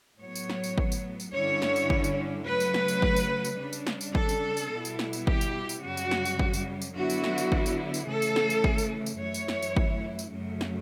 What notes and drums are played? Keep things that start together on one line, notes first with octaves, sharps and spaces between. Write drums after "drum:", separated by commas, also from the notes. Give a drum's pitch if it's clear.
A2 F#3 B3 C#5
drum: tambourine
drum: snare
drum: tambourine
drum: kick
drum: tambourine
drum: tambourine
G2 D3 G3 C#4 E4 C#5
drum: snare
drum: tambourine
drum: kick
drum: tambourine
C#3 F#3 A3 B4
drum: tambourine
drum: snare
drum: tambourine
drum: kick
drum: tambourine
drum: tambourine
C#3 G3 D4
drum: tambourine
drum: snare
drum: tambourine
A4, drum: kick
drum: tambourine
drum: tambourine
B2 G3 B3 E4
drum: tambourine
drum: snare
drum: tambourine
G4, drum: kick
drum: tambourine
drum: tambourine
F#2 C#3 G3 F#4
drum: tambourine
drum: snare
drum: tambourine
drum: kick
drum: tambourine
drum: tambourine
D3 F#3 B3 E4 F#4
drum: tambourine
drum: snare
drum: tambourine
drum: kick
drum: tambourine
drum: tambourine
C#3 E3 A3 A4
drum: tambourine
drum: snare
drum: tambourine
drum: kick
drum: tambourine
drum: tambourine
F#2 E3 A3 E4 C#5
drum: tambourine
drum: snare
drum: tambourine
drum: kick
drum: tambourine
F#2 C#3 F#3 A3
drum: snare